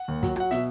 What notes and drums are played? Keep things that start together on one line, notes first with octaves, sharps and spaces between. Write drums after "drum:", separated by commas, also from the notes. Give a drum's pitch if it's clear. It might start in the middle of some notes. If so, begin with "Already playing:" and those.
Already playing: F#5
D#2
F#3, drum: kick, hi-hat
F#3 F#5, drum: rim click
B2 E5, drum: hi-hat